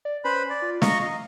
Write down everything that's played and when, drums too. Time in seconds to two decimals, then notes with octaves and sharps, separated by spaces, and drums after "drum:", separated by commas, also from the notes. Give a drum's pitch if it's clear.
0.05 D5
0.25 C#4 B4 C5 B5
0.50 D5
0.62 F4
0.82 D#5 F5 A#5 C#6, drum: snare
1.02 D#5